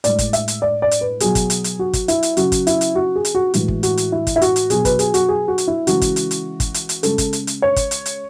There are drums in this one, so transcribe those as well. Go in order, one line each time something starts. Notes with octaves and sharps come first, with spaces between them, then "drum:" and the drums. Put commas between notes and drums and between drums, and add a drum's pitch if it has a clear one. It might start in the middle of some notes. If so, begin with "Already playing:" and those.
A2 G#3 D5, drum: hi-hat
drum: kick, hi-hat
E5, drum: hi-hat
drum: hi-hat
D5
D5
drum: hi-hat
B4
B2 F#3 G#4, drum: hi-hat
drum: kick, hi-hat
drum: hi-hat
drum: hi-hat
F#4
drum: kick, hi-hat
E4, drum: hi-hat
drum: hi-hat
C#3 F#3 F#4, drum: hi-hat
drum: kick, hi-hat
E4, drum: hi-hat
drum: hi-hat
F#4
G#4
drum: hi-hat
F#4
A2 E3 G#3 F#4, drum: hi-hat
drum: kick
F#4, drum: hi-hat
drum: hi-hat
E4
drum: kick, hi-hat
E4
F#4, drum: hi-hat
drum: hi-hat
B2 F#3 G#4, drum: hi-hat
B4, drum: kick, hi-hat
G#4, drum: hi-hat
F#4, drum: hi-hat
G#4
F#4
drum: hi-hat
E4
C#3 E3 G#3 F#4, drum: hi-hat
drum: kick, hi-hat
drum: hi-hat
drum: hi-hat
drum: kick, hi-hat
drum: hi-hat
drum: hi-hat
C#3 G#3 A4, drum: hi-hat
drum: kick, hi-hat
drum: hi-hat
drum: hi-hat
C#5
drum: kick, hi-hat
drum: hi-hat
drum: hi-hat